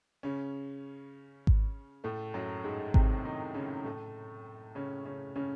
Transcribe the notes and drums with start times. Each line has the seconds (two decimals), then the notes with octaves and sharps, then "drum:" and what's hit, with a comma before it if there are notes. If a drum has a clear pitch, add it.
0.23 C#3 C#4
1.47 drum: kick G#1
2.04 A2 A3
2.34 F#2 F#3
2.64 G#2 G#3
2.94 C3 C4, drum: kick G#1
3.25 D#3 D#4
3.54 C#3 C#4
3.84 A2 A3
4.75 C#3 C#4
5.05 C#3 C#4
5.36 C#3 C#4